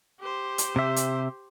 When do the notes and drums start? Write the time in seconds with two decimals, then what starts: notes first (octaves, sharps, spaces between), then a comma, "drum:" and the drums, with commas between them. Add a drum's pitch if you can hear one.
0.20 G4 C5
0.58 drum: hi-hat
0.76 C3 E5
0.96 drum: hi-hat